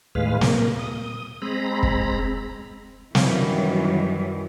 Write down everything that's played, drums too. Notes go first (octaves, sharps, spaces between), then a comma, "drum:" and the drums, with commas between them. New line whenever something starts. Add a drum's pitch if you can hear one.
D#2 A2 G#3 B4 F5
A#2 A#3, drum: snare
D#6
G#3 C4 A#5 B5
drum: kick
F#2 D#3 E3 F#3 G3, drum: snare